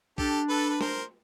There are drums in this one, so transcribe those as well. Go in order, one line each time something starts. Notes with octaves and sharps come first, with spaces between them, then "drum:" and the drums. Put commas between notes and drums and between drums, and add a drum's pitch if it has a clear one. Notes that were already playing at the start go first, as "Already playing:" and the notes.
D4 G4 A4, drum: kick
A4 B4
B4
A#4 C5, drum: snare